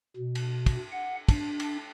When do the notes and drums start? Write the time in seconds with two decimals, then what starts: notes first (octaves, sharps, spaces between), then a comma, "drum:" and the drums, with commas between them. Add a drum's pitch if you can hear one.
0.17 B2
0.35 drum: cymbal
0.66 drum: kick, cymbal
0.92 F#5
1.29 D4, drum: kick, cymbal
1.60 drum: cymbal